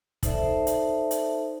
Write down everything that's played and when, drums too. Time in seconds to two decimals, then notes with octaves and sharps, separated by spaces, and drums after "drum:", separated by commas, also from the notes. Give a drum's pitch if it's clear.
0.23 D#4 A4 C5 D5 E5 A5, drum: kick, hi-hat
0.67 drum: hi-hat
1.11 drum: hi-hat